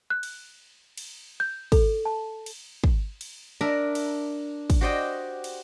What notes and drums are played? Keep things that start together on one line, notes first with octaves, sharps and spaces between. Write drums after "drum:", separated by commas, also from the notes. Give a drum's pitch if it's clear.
F#6
drum: cymbal
drum: cymbal
G6
A4, drum: kick, cymbal
A5
drum: cymbal
drum: kick
drum: cymbal
D4 A#4 E5 A#5
drum: cymbal
drum: kick, cymbal
F#4 G4 C5 D5 D#5 G5
drum: cymbal